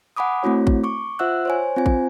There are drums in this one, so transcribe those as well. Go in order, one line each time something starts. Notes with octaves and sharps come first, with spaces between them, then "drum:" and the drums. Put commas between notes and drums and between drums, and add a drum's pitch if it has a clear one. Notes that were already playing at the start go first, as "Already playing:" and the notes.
F#5 G#5 B5 D6 D#6
A3 C4 E4 F#4 C#5
drum: kick A1
C#6 D6
F4 C5 E5 F#5 E6 F#6
C5 C#5 G#5
C4 F4 C5 G#5
drum: kick A1